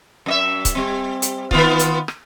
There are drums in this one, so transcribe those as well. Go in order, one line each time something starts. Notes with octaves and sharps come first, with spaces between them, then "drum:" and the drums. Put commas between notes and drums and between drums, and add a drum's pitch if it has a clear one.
F#2 D#5 E5
drum: kick C#1, hi-hat
G3 C4
drum: hi-hat
D#3 B3 F4, drum: kick C#1
drum: hi-hat
drum: rim click